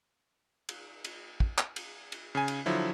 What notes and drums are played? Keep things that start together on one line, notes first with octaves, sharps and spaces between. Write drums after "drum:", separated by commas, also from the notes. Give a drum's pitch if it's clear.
drum: cymbal
drum: cymbal
drum: kick
drum: clap
drum: cymbal
drum: cymbal
C#3 G#5
drum: cymbal
D3 F3 F#3 E4